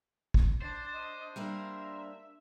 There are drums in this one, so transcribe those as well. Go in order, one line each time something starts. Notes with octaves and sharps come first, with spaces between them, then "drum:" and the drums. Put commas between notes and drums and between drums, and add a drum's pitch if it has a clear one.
drum: kick
D4 C5 A6
D#5
G3 A#3 D4 E5 A#5